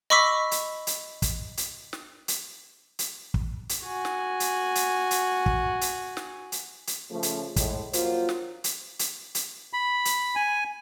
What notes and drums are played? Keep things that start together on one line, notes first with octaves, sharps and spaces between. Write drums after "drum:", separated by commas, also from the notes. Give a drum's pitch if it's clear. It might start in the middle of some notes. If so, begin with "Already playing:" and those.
D#5 B5 C#6 D6 E6 B6
drum: hi-hat
drum: hi-hat
drum: kick, hi-hat
drum: hi-hat
drum: snare
drum: hi-hat
drum: hi-hat
drum: kick
drum: hi-hat
F#4 G#5
drum: snare
drum: hi-hat
drum: hi-hat
drum: hi-hat
drum: kick
drum: hi-hat
drum: snare
drum: hi-hat
drum: hi-hat
C#3 F3 A3
drum: hi-hat
A2 G#3, drum: kick, hi-hat
F3 F#3 A#3 F4 C5, drum: hi-hat
drum: snare
drum: hi-hat
drum: hi-hat
drum: hi-hat
B5
drum: hi-hat
G#5